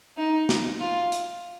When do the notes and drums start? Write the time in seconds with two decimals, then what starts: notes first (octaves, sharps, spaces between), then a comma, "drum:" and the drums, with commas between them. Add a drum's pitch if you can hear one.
0.18 D#4
0.49 drum: snare
0.80 F4
1.12 drum: hi-hat